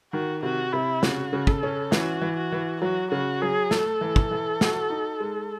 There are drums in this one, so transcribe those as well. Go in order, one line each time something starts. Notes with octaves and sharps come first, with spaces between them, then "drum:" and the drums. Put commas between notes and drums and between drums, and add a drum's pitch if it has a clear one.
D#3 F#4
C3 F#4
C3 E4
C#3 F#4, drum: snare
C#3
A4, drum: kick
C#4
E3 F#4, drum: snare
E3
F#4
E3
F#3 F#4
C#3 F#4
F#3 G#4
A3 A4, drum: snare
E3
drum: kick
E3
F#4, drum: snare
D#4
G#3